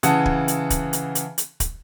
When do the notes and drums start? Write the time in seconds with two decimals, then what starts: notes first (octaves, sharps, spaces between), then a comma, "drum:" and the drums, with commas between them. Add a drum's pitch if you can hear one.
0.03 C#3 E3 F#5 A5 D#6, drum: hi-hat
0.25 drum: kick
0.48 drum: hi-hat
0.70 drum: kick, hi-hat
0.93 drum: hi-hat
1.15 drum: hi-hat
1.38 drum: hi-hat
1.60 drum: kick, hi-hat